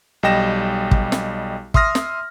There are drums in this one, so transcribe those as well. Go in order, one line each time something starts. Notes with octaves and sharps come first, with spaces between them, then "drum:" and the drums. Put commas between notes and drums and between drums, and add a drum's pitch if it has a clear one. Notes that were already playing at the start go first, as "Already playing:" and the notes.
B1 G3 D#5 G5 A#6 E7
drum: kick
drum: snare
E5 C6 D#6 F6 A#6, drum: kick
drum: snare